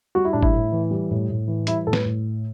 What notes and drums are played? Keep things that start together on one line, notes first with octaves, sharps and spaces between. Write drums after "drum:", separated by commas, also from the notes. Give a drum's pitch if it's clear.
G3 F#4
E4
A2 D4
E4, drum: kick G1
A2
E3
G3
A2
A2
E3
G3 E4, drum: hi-hat
A2 A4
B4, drum: snare
A2